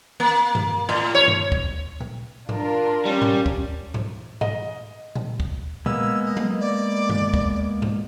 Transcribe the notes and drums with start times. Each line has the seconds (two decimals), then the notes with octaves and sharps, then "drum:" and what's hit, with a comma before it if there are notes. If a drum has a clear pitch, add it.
0.20 A#3
0.55 drum: tom G2
0.89 A2
1.15 C#5
1.28 drum: tom G2
1.52 drum: kick
2.00 drum: tom A#2
2.49 D4 F4 A#4, drum: tom G#2
3.05 G3 C#4
3.22 drum: tom G#2
3.46 drum: kick
3.94 drum: tom G#2
4.41 D#5, drum: tom G#2
5.15 drum: tom A#2
5.40 drum: kick
5.86 G#3 A#3 B3 E6, drum: tom A#2
6.26 D#5
6.37 drum: tom
6.61 D5
7.09 drum: tom G2
7.34 drum: kick
7.82 drum: tom G#2